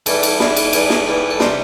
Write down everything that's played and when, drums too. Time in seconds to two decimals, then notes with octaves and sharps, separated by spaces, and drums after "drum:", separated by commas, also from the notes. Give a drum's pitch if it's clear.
0.06 E2 E3 G3 A4, drum: cymbal
0.23 drum: cymbal
0.40 E2 E3 G3, drum: snare
0.56 drum: cymbal
0.73 E2 E3 G3, drum: cymbal
0.90 drum: snare
1.07 E2 E3 G3
1.30 A4
1.40 C3 G3 C5, drum: snare